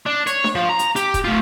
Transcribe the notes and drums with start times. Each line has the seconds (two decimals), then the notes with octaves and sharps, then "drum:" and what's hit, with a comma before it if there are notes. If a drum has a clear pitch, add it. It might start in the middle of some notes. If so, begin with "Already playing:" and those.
0.06 D4
0.27 C#5, drum: hi-hat
0.44 drum: snare D4
0.55 F3
0.69 A#5
0.79 drum: hi-hat
0.96 G4, drum: hi-hat
1.14 drum: kick D#1, hi-hat
1.24 A3 F4